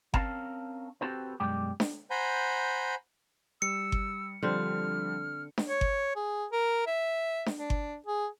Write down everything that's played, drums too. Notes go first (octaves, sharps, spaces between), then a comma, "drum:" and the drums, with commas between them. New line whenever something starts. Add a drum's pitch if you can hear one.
C4 C#4 A#4 F5 A5, drum: kick G1
C4 F#4 G4 A4 B4 C5
B1 F#2 G3 G#3 D5 G5
drum: snare D4
C5 F#5 G#5 A#5 B5 G6
G3 E6 C#7
drum: kick G1
D3 F3 G3 C4 D4 F6
drum: snare D4
C#5
drum: kick G1
G#4
A#4
E5
drum: snare D4
D4
drum: kick G1
G#4